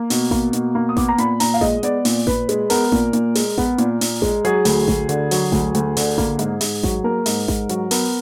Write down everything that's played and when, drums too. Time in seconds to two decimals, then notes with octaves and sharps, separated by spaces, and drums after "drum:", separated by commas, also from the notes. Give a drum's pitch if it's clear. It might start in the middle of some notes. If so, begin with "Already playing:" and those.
Already playing: A#3
0.10 B2, drum: open hi-hat
0.31 A#3, drum: snare A1
0.53 B2, drum: hi-hat
0.75 A#3
0.89 D#6
0.97 B3 D6, drum: snare A1
1.09 A#5
1.18 A#2 B5, drum: hi-hat
1.40 A#2 A#5, drum: open hi-hat
1.54 F5
1.61 G#3 D#5, drum: snare A1
1.83 B3 D5, drum: hi-hat
2.05 A#2, drum: open hi-hat
2.27 A#2 B4, drum: snare A1
2.49 G#3, drum: hi-hat
2.70 B3 A#4, drum: open hi-hat
2.92 A#2, drum: snare A1
3.13 A#2, drum: hi-hat
3.35 G#3, drum: open hi-hat
3.58 B3, drum: snare A1
3.78 A#2, drum: hi-hat
4.01 A#2, drum: open hi-hat
4.22 G#3, drum: snare A1
4.45 F#3 G#4, drum: hi-hat
4.65 D2, drum: open hi-hat
4.88 D2, drum: snare A1
5.09 D3, drum: hi-hat
5.31 F#3, drum: open hi-hat
5.52 D2, drum: snare A1
5.75 D2, drum: hi-hat
5.97 D3, drum: open hi-hat
6.18 A#3, drum: snare A1
6.39 G#2, drum: hi-hat
6.61 G#2, drum: open hi-hat
6.83 F#3, drum: snare A1
7.04 A#3 A#4
7.26 G#2, drum: open hi-hat
7.48 G#2, drum: snare A1
7.69 F#3, drum: hi-hat
7.91 B3 A#4, drum: open hi-hat